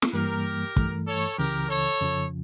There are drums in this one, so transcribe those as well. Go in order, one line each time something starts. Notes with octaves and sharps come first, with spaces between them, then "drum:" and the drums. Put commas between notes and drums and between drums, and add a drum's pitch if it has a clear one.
drum: snare
G2 E3 G3 A#3 G4 A#4
G2 E3 A3, drum: kick
A4 C#5
C#2 C#3 E3 G4 A#4
A4 C#5
F2 C#3 F3